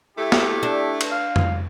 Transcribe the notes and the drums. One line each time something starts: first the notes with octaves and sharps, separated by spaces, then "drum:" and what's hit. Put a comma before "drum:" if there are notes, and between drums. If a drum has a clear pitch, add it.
A3 E4 G4
drum: snare
D4
drum: cymbal
F5
drum: tom F2